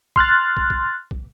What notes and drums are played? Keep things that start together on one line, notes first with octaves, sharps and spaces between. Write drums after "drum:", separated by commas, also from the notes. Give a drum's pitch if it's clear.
C6 F6 F#6 A6, drum: kick
drum: kick
drum: kick
drum: kick